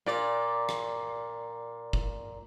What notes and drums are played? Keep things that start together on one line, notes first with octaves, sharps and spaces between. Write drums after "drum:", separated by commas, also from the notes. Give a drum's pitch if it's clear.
A#2 D5
drum: rim click
drum: kick F#1